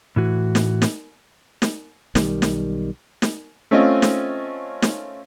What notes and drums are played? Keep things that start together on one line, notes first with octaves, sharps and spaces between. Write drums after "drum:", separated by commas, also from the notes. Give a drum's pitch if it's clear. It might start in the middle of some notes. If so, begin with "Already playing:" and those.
A2 E3 F#4
drum: snare
drum: snare
drum: snare
B1 D#3 G3, drum: snare
drum: snare
drum: snare
A3 C4 C#4 F4 D#5
drum: snare
drum: snare